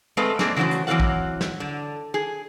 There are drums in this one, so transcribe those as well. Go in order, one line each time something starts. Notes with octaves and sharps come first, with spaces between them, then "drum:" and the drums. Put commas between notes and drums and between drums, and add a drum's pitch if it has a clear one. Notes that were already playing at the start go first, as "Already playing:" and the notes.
G#3 A3 C4 B4 D#5 F5
A3 A#3 C4 D4 G#4, drum: snare
C#3 E3 F#3 A3 F#4 C5
drum: hi-hat
E3 F#3 C4 A4 F5 F#5
drum: kick
drum: snare
D3
G#4